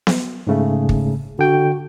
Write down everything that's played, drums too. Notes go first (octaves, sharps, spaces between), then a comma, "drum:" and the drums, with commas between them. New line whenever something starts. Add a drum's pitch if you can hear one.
drum: snare B3
G#2 C#3 A3
drum: kick
D3 F#4 G5